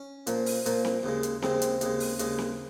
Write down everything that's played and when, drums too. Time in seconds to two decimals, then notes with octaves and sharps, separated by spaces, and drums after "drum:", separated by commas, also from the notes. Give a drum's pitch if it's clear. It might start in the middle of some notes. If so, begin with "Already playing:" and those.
Already playing: C#4
0.27 A#2 F3 A#3, drum: hi-hat
0.46 drum: open hi-hat
0.66 A#2 F3 A#3, drum: hi-hat
0.85 drum: snare C4
1.03 D#2 C#3 G#3
1.23 drum: hi-hat
1.42 D#2 C#3 G#3 C4, drum: snare C4
1.62 drum: hi-hat
1.81 D#2 C#3 G#3, drum: hi-hat
2.00 drum: open hi-hat
2.19 D#2 C#3 G#3, drum: hi-hat
2.38 drum: snare C4